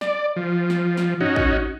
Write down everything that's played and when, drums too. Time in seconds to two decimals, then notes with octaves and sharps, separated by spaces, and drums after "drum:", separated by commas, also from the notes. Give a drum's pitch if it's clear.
0.01 D5, drum: snare
0.36 F3
0.70 drum: snare
0.97 drum: snare
1.21 C#4 D#4 F#4, drum: tom F#2
1.36 drum: kick A1